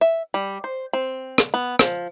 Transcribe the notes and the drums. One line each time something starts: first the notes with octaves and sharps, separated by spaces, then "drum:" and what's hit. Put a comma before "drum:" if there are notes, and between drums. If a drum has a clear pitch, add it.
E5
G3
C5
C4
drum: rim click
B3
F3, drum: rim click